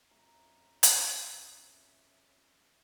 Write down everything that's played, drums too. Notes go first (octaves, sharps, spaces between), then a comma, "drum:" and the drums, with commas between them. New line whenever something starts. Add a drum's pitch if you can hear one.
F2 C#4 E5 A#5
drum: hi-hat